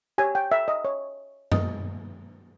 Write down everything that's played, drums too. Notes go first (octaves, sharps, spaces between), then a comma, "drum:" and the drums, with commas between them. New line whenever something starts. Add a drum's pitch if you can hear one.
G4 C#5 G#5
G5
E5
D#5
C#5
D#5, drum: tom F#2